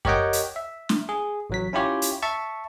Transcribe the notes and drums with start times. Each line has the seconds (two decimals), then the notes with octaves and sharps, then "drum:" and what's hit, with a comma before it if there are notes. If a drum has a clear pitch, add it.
0.05 G4 A#4 C#5 D#5 F#5 G5, drum: kick F#2
0.33 drum: hi-hat
0.56 E5
0.89 drum: snare
1.09 G#4
1.50 A1 F#3 B6
1.73 C#4 E4 F4 G4 C#5
2.02 drum: hi-hat
2.22 E5 A5 C#6